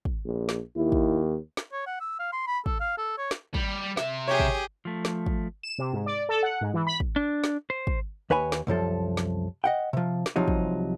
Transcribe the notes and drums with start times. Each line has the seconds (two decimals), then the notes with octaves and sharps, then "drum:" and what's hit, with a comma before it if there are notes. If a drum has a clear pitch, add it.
0.05 drum: kick
0.25 A#1
0.49 drum: snare
0.76 D#2 E4
0.92 drum: kick
1.57 drum: snare
1.72 C#5
1.86 F#5
2.00 E6
2.19 F5
2.32 C6
2.47 B5
2.66 A4, drum: kick
2.80 F5
2.97 A4
3.18 C#5
3.31 drum: snare
3.54 G3, drum: kick
3.97 C3 E5, drum: snare
4.28 G4 G#4 C#5
4.40 drum: kick
4.85 F3 A3
5.05 drum: snare
5.26 drum: kick
5.63 E7
5.78 C3
5.93 G#2
6.06 D5
6.29 A4
6.43 F#5
6.61 G#2
6.74 E3
6.87 B5
7.00 drum: kick
7.16 D4
7.44 drum: snare
7.70 C5
7.87 drum: kick
8.30 D#2 B4 C#5 G#5 B5
8.52 drum: snare
8.67 C2 F#2 F3 A4
9.17 drum: snare
9.64 D#5 F#5 G5
9.93 C3 F3
10.26 drum: snare
10.36 C2 C3 F3 F#3 D#4
10.48 drum: kick